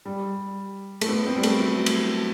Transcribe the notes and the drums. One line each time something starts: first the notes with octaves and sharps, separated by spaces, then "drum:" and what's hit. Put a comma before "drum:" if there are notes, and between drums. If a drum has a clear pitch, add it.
G3
A3, drum: cymbal
B3
C4
G3
A3, drum: cymbal
F#3
drum: cymbal